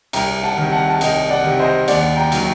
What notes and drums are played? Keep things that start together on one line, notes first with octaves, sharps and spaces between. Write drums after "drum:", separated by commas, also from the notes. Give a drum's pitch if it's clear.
C2 G5 A#5, drum: cymbal
F#5 A5
C3 D#3
F#5 A5
A5
C2 D#5 G5, drum: cymbal
D5 F#5
C3 D#3
C5 D#5
D#2 D5 F#5, drum: cymbal
G5 A#5
D#3 F#3, drum: cymbal